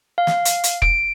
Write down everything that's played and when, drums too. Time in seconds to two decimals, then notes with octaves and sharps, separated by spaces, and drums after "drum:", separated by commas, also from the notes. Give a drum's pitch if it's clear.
0.18 F5
0.27 drum: snare
0.45 drum: hi-hat
0.64 drum: hi-hat
0.82 D7, drum: kick